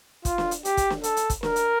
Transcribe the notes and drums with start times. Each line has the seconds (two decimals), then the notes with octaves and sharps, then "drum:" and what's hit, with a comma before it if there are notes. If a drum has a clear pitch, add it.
0.25 F4, drum: kick, hi-hat
0.38 drum: snare
0.51 drum: hi-hat
0.65 G4, drum: hi-hat
0.77 drum: kick, hi-hat
0.90 drum: snare
1.03 A4, drum: hi-hat
1.17 drum: hi-hat
1.30 drum: kick, hi-hat
1.43 A#4, drum: snare
1.56 drum: hi-hat